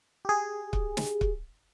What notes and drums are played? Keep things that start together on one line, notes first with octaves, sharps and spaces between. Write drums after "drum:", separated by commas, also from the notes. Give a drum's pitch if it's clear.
G4 G#4
drum: kick
drum: snare
drum: kick